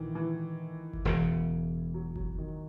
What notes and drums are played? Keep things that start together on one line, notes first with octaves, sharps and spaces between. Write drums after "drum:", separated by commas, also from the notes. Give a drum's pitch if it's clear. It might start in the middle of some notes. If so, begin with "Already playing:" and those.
Already playing: A#1 A#2 D#3 E3
E3
drum: kick G1
E1 E2 C#3
F#3
F#3, drum: kick G1
D#3